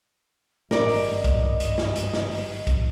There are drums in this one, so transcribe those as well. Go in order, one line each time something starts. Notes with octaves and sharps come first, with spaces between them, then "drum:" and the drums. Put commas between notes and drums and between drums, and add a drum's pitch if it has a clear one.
G#1 G2 A#4 D5 D#5, drum: snare
drum: open hi-hat
drum: kick, hi-hat
drum: hi-hat
drum: snare
drum: hi-hat
drum: snare
drum: open hi-hat
drum: kick, hi-hat